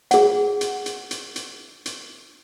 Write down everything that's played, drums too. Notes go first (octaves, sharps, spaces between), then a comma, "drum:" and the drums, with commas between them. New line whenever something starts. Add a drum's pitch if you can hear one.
G#4 F#5, drum: hi-hat
drum: hi-hat
drum: hi-hat
drum: hi-hat
drum: hi-hat
drum: hi-hat